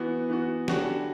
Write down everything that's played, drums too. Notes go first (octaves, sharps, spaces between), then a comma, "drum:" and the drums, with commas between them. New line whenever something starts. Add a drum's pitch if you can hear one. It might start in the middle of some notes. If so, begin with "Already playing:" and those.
Already playing: E3 B3 F#4
E3 B3 F#4
D3 G3 C#4 F#4, drum: snare